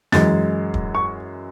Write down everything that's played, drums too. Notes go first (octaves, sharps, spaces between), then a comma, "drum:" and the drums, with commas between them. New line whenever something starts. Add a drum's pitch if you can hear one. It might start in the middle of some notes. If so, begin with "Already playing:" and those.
F#2 E3 G#3 A6, drum: snare
drum: kick
C#6